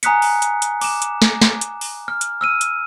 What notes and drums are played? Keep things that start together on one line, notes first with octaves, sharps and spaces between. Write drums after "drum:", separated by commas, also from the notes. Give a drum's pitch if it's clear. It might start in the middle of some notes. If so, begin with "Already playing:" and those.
G#5 A#5 D#6 F#6 B6 C#7, drum: hi-hat
drum: open hi-hat
drum: hi-hat
drum: hi-hat
D6 E7, drum: open hi-hat
drum: hi-hat
drum: snare
drum: snare
drum: hi-hat
drum: open hi-hat
F6
drum: hi-hat
E6 F6 D#7
drum: hi-hat